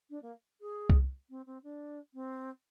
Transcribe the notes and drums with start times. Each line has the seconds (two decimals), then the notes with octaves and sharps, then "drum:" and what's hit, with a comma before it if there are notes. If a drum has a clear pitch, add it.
0.09 D4
0.22 A#3
0.60 G#4
0.90 drum: kick C2
1.29 C4
1.46 C4
1.63 D4
2.14 C4